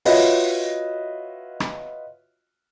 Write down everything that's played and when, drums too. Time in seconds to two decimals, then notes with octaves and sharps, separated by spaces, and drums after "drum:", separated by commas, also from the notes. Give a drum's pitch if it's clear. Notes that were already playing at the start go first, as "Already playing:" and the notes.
0.05 F4 F#4 B4 C#5 D#5 E5, drum: open hi-hat
1.60 drum: rim click